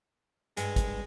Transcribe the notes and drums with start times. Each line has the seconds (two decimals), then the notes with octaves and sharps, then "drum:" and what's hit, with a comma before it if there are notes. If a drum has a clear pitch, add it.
0.57 G2 G#3, drum: hi-hat
0.76 drum: kick, hi-hat